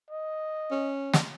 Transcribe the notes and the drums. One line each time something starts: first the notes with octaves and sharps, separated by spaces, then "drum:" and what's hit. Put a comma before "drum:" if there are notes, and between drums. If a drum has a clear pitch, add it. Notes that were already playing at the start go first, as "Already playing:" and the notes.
D#5
C#4
drum: snare